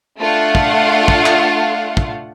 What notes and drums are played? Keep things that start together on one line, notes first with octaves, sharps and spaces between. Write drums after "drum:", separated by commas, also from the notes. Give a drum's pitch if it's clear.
A3 D4 F4 F5 F#5
drum: kick
drum: kick
drum: clap
drum: kick